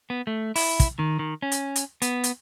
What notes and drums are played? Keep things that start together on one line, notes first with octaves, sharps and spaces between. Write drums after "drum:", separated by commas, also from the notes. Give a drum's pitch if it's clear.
B3
A3
E4, drum: open hi-hat
drum: kick, hi-hat
D#3
D#3
C#4
drum: hi-hat
drum: hi-hat
B3, drum: hi-hat
drum: hi-hat